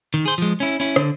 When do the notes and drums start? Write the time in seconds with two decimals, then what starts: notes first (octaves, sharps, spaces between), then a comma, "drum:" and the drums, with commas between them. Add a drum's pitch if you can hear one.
0.14 D#3
0.25 G#4 C5
0.38 F3 G#3, drum: tambourine
0.60 C#4 E4
0.80 C#4 E4
0.96 D3, drum: rim click